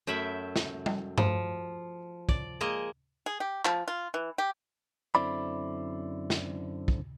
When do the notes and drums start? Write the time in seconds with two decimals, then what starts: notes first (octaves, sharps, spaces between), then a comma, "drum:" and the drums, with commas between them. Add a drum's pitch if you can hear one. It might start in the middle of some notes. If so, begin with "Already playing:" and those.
0.07 F#2 A3 E5 G5 B5
0.56 drum: snare
0.86 drum: tom G3
1.18 F3, drum: tom G2
2.29 D5, drum: kick
2.61 G#3 A#3 D#5
3.26 G#4
3.40 G4
3.65 F3, drum: clap
3.88 F4
4.14 E3
4.38 G4
5.15 F#2 D3 C4 E4 D5 B5
6.30 drum: snare
6.88 drum: kick